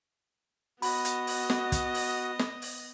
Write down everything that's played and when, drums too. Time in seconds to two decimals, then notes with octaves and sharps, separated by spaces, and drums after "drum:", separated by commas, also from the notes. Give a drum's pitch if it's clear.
0.82 B3 F#4 D#5 B5, drum: open hi-hat
1.05 drum: hi-hat
1.27 drum: open hi-hat
1.50 drum: snare
1.72 drum: kick, hi-hat
1.94 drum: open hi-hat
2.39 drum: snare
2.62 drum: open hi-hat